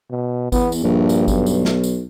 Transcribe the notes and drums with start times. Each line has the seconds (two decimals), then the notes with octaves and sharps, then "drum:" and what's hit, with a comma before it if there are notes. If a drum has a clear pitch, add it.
0.11 B2
0.52 E2 B3, drum: kick G#1, tambourine
0.72 drum: tambourine
0.83 A#1 G2
1.09 drum: tambourine
1.28 B1, drum: kick G#1, tambourine
1.46 drum: tambourine
1.65 drum: snare
1.84 drum: tambourine